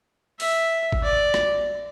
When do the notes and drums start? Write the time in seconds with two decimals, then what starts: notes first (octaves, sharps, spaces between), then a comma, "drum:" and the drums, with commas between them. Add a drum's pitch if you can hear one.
0.40 E5, drum: open hi-hat
0.92 drum: kick G#1
1.03 D5
1.34 drum: rim click